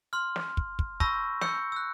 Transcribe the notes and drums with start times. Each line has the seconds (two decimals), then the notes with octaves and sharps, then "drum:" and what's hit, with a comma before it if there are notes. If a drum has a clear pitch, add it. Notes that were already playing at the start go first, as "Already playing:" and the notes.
0.13 C6 F6
0.36 drum: snare
0.57 drum: kick
0.79 drum: kick
1.00 A5 B5 C#6 E6 G6 A#6, drum: kick
1.41 C#6 E6 G6 C#7, drum: snare
1.72 E6 F#6